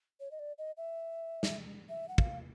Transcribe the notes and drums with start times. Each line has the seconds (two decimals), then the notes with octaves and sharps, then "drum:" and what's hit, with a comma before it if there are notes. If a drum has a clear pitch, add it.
0.20 C#5
0.31 D#5
0.39 D5
0.58 D#5
0.77 E5
1.43 drum: snare
1.89 E5
2.08 F#5
2.18 F5, drum: kick